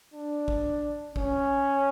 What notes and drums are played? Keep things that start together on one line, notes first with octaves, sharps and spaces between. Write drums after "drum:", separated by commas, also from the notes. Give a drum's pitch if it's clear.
D4
drum: kick G#1
C#4, drum: kick G#1